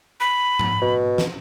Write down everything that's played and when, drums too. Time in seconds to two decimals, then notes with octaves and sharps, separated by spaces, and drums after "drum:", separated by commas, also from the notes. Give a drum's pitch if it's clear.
0.20 B5
0.59 drum: tom
0.82 B2
1.18 drum: snare